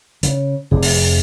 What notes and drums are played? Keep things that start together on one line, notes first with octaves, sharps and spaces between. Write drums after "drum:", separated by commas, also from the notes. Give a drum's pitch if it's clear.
C#3, drum: hi-hat
F1 C3 G#4
drum: open hi-hat